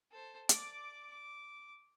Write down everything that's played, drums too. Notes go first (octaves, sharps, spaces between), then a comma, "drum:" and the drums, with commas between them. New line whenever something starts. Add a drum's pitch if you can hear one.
A4 C5
D5 D6, drum: hi-hat
D6